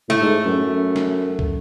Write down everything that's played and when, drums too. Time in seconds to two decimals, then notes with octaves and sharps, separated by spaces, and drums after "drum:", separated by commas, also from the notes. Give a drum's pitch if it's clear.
0.09 A2 A3
0.21 G#2
0.45 F#2
0.57 F#2
0.96 drum: snare
1.39 drum: kick